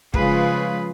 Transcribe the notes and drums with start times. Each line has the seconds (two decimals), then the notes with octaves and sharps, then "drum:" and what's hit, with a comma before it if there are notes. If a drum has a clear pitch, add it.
0.14 C#3 F3 G#3 F4 G#4 B4, drum: kick